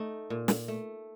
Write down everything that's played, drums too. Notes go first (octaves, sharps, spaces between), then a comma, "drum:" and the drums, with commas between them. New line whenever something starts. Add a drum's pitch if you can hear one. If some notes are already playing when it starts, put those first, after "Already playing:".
Already playing: A3 D#4
A#2
drum: snare
A3